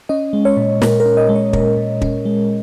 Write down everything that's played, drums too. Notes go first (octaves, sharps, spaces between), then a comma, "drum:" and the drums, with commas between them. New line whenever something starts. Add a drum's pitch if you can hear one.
C#4 D#5
G#3
C#5
A#2
A#2 A#4, drum: snare
A#4
C#4
D#5
G#3
C#5
A#2 A#4, drum: kick
A#2
C#4, drum: kick
G#3